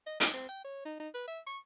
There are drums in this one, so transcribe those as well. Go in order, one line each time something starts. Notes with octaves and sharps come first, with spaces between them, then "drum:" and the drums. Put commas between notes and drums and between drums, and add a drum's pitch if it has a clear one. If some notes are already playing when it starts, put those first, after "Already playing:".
D#5
D#4, drum: hi-hat
C4
G5
C#5
D#4
D#4
B4
E5
C#6